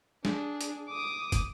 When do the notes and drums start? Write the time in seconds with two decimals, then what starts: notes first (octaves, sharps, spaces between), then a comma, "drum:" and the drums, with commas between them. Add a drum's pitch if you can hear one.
0.25 D4 G#4, drum: snare
0.61 drum: hi-hat
0.89 D6 D#6
1.32 drum: kick, hi-hat